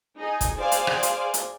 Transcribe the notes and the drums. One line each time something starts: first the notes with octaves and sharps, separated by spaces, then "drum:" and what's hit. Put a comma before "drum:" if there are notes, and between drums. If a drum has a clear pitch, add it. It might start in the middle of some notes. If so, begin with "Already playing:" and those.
D#4 G#4
drum: kick, hi-hat
G#4 C5 D5 F5 G#5
drum: hi-hat
drum: rim click
drum: hi-hat
drum: hi-hat